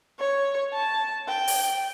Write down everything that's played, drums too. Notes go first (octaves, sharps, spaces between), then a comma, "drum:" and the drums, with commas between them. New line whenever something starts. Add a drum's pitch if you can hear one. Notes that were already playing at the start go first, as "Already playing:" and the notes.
C#5
A5
G5
drum: open hi-hat